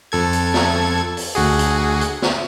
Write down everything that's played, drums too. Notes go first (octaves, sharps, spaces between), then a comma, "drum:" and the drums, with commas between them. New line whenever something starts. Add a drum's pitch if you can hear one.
F2 A4 G#6
drum: hi-hat
drum: snare
drum: open hi-hat
D2 F#4 G#4
drum: hi-hat
drum: hi-hat
drum: snare